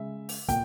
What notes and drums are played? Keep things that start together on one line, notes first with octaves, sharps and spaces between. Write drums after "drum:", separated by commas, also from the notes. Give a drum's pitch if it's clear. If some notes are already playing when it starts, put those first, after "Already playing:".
Already playing: C#3 G#3 E5
drum: open hi-hat
A#2 G5, drum: kick, hi-hat